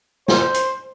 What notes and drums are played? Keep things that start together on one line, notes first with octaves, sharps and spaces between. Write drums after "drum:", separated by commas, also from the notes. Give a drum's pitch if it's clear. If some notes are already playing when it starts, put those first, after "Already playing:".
C5, drum: snare
drum: hi-hat